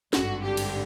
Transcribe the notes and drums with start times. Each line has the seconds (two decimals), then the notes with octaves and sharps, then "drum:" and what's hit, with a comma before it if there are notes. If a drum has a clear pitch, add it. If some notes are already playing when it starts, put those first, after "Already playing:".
0.13 G#1 G2 D3 F#4, drum: snare
0.43 G4
0.57 drum: cymbal